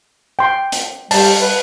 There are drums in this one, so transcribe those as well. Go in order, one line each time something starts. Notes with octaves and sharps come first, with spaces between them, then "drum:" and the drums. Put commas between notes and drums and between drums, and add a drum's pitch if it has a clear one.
G5 C6
drum: hi-hat
G3 A5, drum: open hi-hat
B4